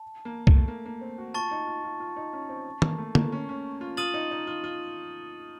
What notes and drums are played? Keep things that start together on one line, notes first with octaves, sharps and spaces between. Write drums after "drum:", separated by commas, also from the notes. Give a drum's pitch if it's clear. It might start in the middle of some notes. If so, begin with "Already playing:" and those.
Already playing: A5
A#3
A3, drum: kick C2
A#3
A#3
C4
F#4
F4 A5 C#6 A6
D#4
F4
F4
F4
D#4
C#4
C4
A#3, drum: tom D#3
A3
A#3, drum: tom
C#4
C#4
F4
F4 D#6 A6 D#7 F#7
D#4
D#4
F4
F4